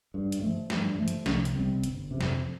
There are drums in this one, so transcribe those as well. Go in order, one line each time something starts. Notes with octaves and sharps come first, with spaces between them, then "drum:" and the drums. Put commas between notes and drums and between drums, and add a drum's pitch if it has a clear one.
G2
drum: hi-hat
F3 A3
G2, drum: snare
F3 A3
drum: hi-hat
C2, drum: snare
drum: hi-hat
C3 G3 C4
G1, drum: hi-hat
F2 C3
drum: snare